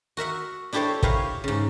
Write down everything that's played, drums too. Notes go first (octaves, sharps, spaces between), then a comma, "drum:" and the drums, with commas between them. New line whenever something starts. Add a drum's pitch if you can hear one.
F#4 A#4 E5 F#5
D4 E4 G4 A4 C5 C#5
E4 G4 A#4 B4 C#5 F5, drum: kick
G#2 C#3